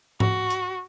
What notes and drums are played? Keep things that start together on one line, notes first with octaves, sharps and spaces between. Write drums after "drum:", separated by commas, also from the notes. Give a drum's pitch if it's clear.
F#4, drum: tom G#2
drum: hi-hat